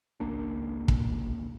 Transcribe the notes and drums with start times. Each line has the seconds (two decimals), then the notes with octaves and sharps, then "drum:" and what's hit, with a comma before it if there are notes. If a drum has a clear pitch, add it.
0.20 G#1 C#2 A#3 D4
0.88 drum: kick